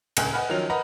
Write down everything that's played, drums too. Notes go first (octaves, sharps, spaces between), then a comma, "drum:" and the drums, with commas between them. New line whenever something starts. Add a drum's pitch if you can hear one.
D#1 C#2 G#5 F#6, drum: cymbal
B4 D#5 F#5 G#5 B5 F6
D#3 F3 F#3 C#4 F7
A#4 B4 D#5 F#5 A#5 B5